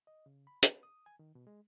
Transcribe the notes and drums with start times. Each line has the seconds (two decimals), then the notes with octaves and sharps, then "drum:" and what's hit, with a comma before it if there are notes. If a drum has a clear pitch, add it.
0.07 D#5
0.26 C#3
0.47 B5
0.62 B4, drum: hi-hat
0.83 D#6
1.06 G#5
1.19 D#3
1.35 B2
1.47 G#3